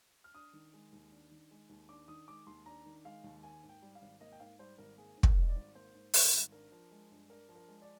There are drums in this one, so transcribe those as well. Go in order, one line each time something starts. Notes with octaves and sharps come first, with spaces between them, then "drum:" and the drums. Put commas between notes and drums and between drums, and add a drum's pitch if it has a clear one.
F6
D4 D#6
D#3
G#3
D#2
D4
D#3
G#3
D#2
D4 D6
D#3 D#6
G#3 D6
D#2 C6
D4 A#5
D#3
G#3 F5
D#2
A#3 G#5
G#2
G5
G3
F5
G#1
A#3 D#5
G5
G#2 F5
G3 C5
G#1 A#4
A#3 G#4
G#2
A#4, drum: kick
G3 D#5
D5
G#1
A#3 C5
G#2
G3, drum: open hi-hat
G#1
D4 A#4
F3
G#3
G2
D4 A#4
F3
A#4
G#3
D5